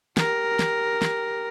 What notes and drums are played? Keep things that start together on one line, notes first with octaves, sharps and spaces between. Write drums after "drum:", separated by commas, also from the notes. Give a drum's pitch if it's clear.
G4 A#4, drum: snare
drum: snare
drum: snare